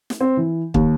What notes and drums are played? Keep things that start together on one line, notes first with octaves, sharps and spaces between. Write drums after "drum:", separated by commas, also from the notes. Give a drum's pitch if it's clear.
drum: snare
C4
E3
D#2, drum: kick